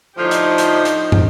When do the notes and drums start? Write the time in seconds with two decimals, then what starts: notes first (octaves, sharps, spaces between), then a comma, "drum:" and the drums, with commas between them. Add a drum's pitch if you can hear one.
0.18 A2 D3 F3 D#4 G4
0.31 drum: hi-hat
0.58 drum: hi-hat
0.85 drum: hi-hat
1.12 drum: tom